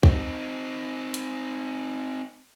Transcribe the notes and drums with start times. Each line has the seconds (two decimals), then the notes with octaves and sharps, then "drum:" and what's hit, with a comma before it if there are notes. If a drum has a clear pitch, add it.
0.03 C4 D#4, drum: kick
1.14 drum: hi-hat